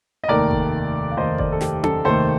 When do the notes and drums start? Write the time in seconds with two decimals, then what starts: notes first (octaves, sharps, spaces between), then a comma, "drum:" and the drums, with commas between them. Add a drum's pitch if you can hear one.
0.24 D#5
0.28 F1 D#2 D#3 A3 A#4 D5
0.51 drum: kick G1
1.11 F5
1.17 F1 D#2 D#3 A3 C5 D#5
1.38 A#4 D5, drum: kick G1
1.52 A4
1.61 G4, drum: snare
1.84 A4, drum: tom C#4
2.05 F1 D#2 D#3 A3 A4 C5